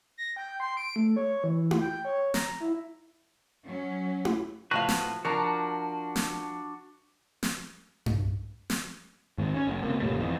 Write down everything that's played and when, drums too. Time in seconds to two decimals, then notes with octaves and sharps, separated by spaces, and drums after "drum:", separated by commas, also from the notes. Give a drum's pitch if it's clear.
0.18 A#6
0.36 G5
0.60 C6
0.77 D7
0.96 A3
1.16 C#5
1.44 E3
1.71 drum: tom E4
1.81 G5
2.05 C#5
2.34 A#5, drum: snare
2.60 E4
3.65 F#3 C#4
4.25 drum: tom E4
4.71 A2 F3 F#4 B4 F5
4.89 drum: snare
5.25 F3 D4 F#4 A#4
6.16 drum: snare
7.43 drum: snare
8.06 drum: tom G2
8.70 drum: snare
9.38 G#2 D#3
9.54 C#4
9.68 F#1
9.82 C#2 C3 A#3
10.00 G1 A#2 G3 A3
10.18 F2 E3